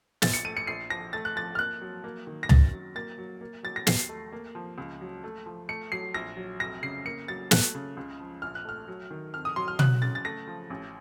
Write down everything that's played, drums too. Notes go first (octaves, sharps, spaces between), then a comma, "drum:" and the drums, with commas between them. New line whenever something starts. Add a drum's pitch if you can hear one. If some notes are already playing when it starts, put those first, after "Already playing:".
A#1 A6, drum: snare
C#7
A3 D#7
C#7
A#1 C7
F3 A#6
A3 A6
F#6
F3 A6
F6
A#3 F#6
F#3
A#3
D#3
A#6
F#2 A6, drum: tom C#2
F#3
A#3 A6
F#3
A#3
F#3 A6
A#6
D#2 C7, drum: snare
A3
A#3
F3
C#2
F#3
A3
F3
A3 C#7
F#3 C7
A#1 A#6
F#3
F1 A#6
C#3 C7
A#3 C#7
F#3 A6
A3 F#6, drum: snare
C#3
C#2
F3
A#1 F6
F#6
A3 F6
F#3
D#3
F2 F6
D#6
F#3 C6
F6
F#3 F#6, drum: tom
C#3 A6
A6
A3 A#6
F3
A1